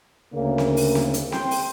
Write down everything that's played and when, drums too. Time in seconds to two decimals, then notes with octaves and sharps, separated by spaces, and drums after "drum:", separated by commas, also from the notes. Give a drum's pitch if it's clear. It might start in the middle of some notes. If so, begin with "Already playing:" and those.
0.34 D2 C#3 A#3
0.58 drum: snare C4
0.77 drum: open hi-hat
0.95 drum: snare C4
1.14 drum: hi-hat
1.32 G5 C6, drum: snare C4
1.51 drum: open hi-hat